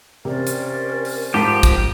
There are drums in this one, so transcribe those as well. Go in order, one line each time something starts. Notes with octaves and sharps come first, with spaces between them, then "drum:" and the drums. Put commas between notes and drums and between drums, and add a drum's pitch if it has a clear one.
C3 C#4 A#4 C5 D5
drum: hi-hat
drum: open hi-hat
G#2 F3 G4 A5 B6
drum: kick, hi-hat